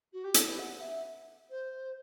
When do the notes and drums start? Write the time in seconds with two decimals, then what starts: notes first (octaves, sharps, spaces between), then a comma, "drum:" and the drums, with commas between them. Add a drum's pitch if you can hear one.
0.12 F#4
0.23 G4
0.34 A4, drum: hi-hat
0.46 B4
0.58 F#5
0.80 E5
1.49 C5